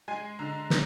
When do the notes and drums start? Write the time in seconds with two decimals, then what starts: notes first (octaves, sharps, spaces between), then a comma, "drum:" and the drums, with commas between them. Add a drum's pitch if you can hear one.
0.08 G#3 G#5
0.39 D3 A#5
0.70 D3, drum: snare